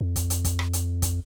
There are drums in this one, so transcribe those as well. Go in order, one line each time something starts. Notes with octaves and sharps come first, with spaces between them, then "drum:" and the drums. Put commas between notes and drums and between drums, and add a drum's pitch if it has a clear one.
F2
drum: kick, hi-hat
drum: hi-hat
drum: kick, hi-hat
drum: rim click
drum: hi-hat
drum: kick, hi-hat